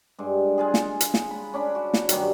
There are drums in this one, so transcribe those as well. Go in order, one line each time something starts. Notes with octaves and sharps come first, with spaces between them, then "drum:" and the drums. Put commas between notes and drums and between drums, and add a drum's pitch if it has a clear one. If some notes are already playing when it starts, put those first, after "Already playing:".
G2 G#3
G#3 F4 G#4
drum: snare
drum: hi-hat
drum: snare
B5
C#4 D4 B5
F#4
drum: snare
G2 D#3 F#3 F#4, drum: hi-hat